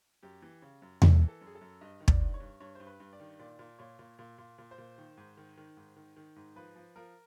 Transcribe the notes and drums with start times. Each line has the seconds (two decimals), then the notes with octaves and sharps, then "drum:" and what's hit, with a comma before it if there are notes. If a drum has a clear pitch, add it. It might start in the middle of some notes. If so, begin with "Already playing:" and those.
0.23 F#2 G4
0.42 E3
0.62 C#3
0.82 F#2
1.02 E3 A4, drum: tom E2
1.22 E3
1.28 A4
1.41 F#2
1.47 G#4
1.55 A4
1.61 F#2
1.81 G2 D#5
2.01 D#3
2.08 D5, drum: kick
2.21 G2
2.34 C#5
2.40 G2
2.60 G2 C#5
2.75 G2 C5
2.87 B4
3.00 G2
3.13 D5
3.20 D#3
3.39 A#2 D5
3.59 A#2
3.79 A#2 C#5
3.99 A#2
4.19 A#2
4.38 A#2
4.58 A#2
4.71 C5
4.78 A#2
4.98 D#3
5.17 G#2
5.37 D#3
5.57 D#3
5.77 G#2
5.96 D#3
6.16 D#3
6.36 G#2
6.56 F3 B4
6.76 F3
6.96 F3 A#4